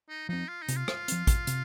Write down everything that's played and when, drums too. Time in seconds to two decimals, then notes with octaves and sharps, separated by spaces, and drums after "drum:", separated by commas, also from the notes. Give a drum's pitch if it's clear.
0.09 D#4
0.29 F3 C4 D#4
0.48 F4
0.62 D#4
0.68 C3, drum: hi-hat
0.76 F4
0.88 drum: rim click
1.08 F3 C4, drum: hi-hat
1.27 drum: kick, hi-hat
1.47 C3, drum: hi-hat